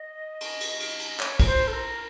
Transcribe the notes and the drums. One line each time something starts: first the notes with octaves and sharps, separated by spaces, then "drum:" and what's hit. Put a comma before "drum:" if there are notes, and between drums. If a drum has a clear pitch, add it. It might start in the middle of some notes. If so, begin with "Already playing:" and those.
Already playing: D#5
drum: cymbal
drum: cymbal
drum: cymbal
drum: cymbal
C#5, drum: clap
A#4, drum: kick, cymbal
C5
A4
A#4